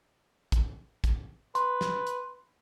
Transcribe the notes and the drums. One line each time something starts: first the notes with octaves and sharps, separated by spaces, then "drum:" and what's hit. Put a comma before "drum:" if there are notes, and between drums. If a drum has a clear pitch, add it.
drum: kick, hi-hat
drum: kick, hi-hat
B4 C6, drum: hi-hat
drum: snare
drum: hi-hat